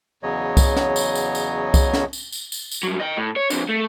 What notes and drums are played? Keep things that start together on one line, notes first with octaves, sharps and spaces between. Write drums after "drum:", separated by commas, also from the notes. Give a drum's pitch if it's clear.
E2 C#3 F#3 C#5 D#5
drum: kick C2, tambourine
drum: snare
drum: tambourine
drum: tambourine
drum: tambourine
drum: kick C2, tambourine
drum: snare
drum: tambourine
drum: tambourine
drum: tambourine
drum: tambourine
G2 F#3
D#5 G5
A2
C#5
F2 D3, drum: tambourine
A3